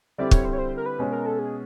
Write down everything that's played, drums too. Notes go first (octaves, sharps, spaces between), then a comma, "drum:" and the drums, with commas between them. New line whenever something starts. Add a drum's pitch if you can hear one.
D3 G3 C4 E4 G4 D5
C#5, drum: kick
C5
C#5
C5
A#4
B4
B2 G#3 C#4
A#4
A4
G#4